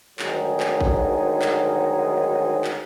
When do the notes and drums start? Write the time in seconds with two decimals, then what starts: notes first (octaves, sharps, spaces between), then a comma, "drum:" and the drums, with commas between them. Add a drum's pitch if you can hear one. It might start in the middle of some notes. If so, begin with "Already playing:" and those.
0.19 D2 G#2 D#3 F#3 G#4 A#4, drum: clap
0.60 drum: clap
0.81 drum: kick
1.42 drum: clap
2.64 drum: clap